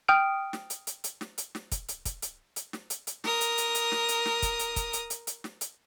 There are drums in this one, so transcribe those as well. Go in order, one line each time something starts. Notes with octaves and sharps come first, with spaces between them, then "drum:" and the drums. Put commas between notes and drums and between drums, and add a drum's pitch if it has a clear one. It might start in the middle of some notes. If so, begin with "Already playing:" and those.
G5 D#6 F6 D7
drum: snare
drum: hi-hat
drum: hi-hat
drum: hi-hat
drum: snare
drum: hi-hat
drum: snare
drum: kick, hi-hat
drum: hi-hat
drum: kick, hi-hat
drum: hi-hat
drum: hi-hat
drum: snare
drum: hi-hat
drum: hi-hat
A#4 D#6, drum: snare
drum: hi-hat
drum: hi-hat
drum: hi-hat
drum: snare
drum: hi-hat
drum: snare
drum: kick, hi-hat
drum: hi-hat
drum: kick, hi-hat
drum: hi-hat
drum: hi-hat
drum: hi-hat
drum: snare
drum: hi-hat